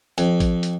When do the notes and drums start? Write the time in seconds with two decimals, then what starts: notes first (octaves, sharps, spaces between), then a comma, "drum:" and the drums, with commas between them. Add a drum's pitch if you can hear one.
0.18 F2, drum: hi-hat
0.40 drum: kick, hi-hat
0.63 drum: hi-hat